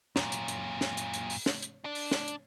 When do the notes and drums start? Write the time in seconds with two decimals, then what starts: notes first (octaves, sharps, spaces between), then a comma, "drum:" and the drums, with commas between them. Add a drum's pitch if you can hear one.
0.16 F#2 A#2, drum: snare
0.32 drum: hi-hat
0.48 drum: hi-hat
0.81 drum: snare
0.97 drum: hi-hat
1.14 drum: hi-hat
1.30 drum: open hi-hat
1.46 drum: snare
1.63 drum: hi-hat
1.84 D4 D5
1.95 drum: open hi-hat
2.11 drum: snare
2.28 drum: hi-hat